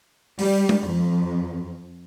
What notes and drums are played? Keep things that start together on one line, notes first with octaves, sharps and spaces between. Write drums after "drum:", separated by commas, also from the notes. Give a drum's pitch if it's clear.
G3, drum: open hi-hat
drum: tom G#3
F2